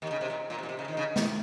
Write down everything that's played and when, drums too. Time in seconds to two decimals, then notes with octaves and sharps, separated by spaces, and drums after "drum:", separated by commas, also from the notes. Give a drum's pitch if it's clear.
0.02 D#2 D#3
0.11 C#3
0.21 C3
0.30 A#2
0.50 A#2
0.58 C3
0.63 A#2
0.69 C3
0.79 C#3
0.88 D#3
0.97 C#3
1.16 D#2 D#3, drum: snare